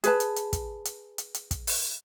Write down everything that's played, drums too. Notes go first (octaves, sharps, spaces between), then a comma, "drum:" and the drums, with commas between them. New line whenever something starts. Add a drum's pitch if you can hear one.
G#4 B4 A5, drum: hi-hat
drum: hi-hat
drum: hi-hat
drum: kick, hi-hat
drum: hi-hat
drum: hi-hat
drum: hi-hat
drum: kick, hi-hat
drum: open hi-hat